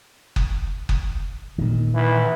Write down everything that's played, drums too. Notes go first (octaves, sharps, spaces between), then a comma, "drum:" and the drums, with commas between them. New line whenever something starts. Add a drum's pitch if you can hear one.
drum: kick F#1
drum: kick F#1
A#2 D#3
E3